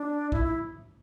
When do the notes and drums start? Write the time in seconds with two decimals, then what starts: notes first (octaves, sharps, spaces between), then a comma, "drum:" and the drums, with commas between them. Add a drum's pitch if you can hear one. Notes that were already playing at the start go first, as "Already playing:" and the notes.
Already playing: D4
0.32 E4, drum: kick
0.45 E4